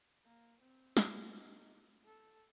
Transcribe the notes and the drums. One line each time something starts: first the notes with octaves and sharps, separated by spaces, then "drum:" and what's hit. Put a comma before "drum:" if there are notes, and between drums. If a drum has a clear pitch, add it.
A#3
C4
drum: snare
D#4
A4